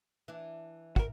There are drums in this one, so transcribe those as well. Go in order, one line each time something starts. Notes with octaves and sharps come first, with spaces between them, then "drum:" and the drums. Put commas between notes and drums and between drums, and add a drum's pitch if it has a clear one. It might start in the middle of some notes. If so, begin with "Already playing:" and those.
E3 D4
F#4 A#4, drum: kick